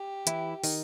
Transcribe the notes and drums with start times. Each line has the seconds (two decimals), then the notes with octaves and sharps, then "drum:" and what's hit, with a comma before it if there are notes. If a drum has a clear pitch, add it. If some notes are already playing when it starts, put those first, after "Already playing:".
Already playing: G4
0.27 E3 E4, drum: hi-hat
0.64 D#3 D#4, drum: open hi-hat